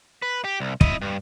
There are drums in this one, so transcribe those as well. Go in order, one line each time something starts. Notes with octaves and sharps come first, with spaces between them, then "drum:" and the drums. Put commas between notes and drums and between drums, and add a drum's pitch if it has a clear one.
B4
G4
C2
E4 D#5, drum: kick
G2